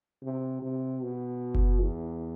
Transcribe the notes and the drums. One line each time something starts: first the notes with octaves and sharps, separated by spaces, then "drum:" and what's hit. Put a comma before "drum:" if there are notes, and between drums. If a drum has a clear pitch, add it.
C3
C3
B2
drum: kick F#1
E2